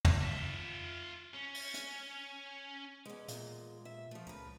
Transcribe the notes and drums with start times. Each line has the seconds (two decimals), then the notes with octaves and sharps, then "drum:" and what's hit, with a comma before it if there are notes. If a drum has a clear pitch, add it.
0.05 drum: tom
0.22 F4 E5
1.34 C#4
1.55 drum: open hi-hat
1.74 drum: hi-hat
3.05 E2 G#3
3.28 A#2, drum: hi-hat
3.85 E5
4.11 F3 A3
4.27 C#2 A#4 B4